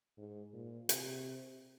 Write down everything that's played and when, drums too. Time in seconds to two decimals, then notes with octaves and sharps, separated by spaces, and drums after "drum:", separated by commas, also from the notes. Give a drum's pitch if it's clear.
0.17 G#2
0.53 A#2
0.89 C3, drum: hi-hat